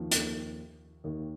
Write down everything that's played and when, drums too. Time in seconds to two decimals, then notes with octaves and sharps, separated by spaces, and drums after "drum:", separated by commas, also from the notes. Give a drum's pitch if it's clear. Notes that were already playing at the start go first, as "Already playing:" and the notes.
Already playing: D#2 D#3 F3
0.11 D#2 D#3, drum: hi-hat
1.04 D#2 D#3